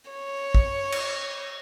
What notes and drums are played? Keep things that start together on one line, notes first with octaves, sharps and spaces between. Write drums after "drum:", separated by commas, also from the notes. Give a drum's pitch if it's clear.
C#5
drum: kick
drum: cymbal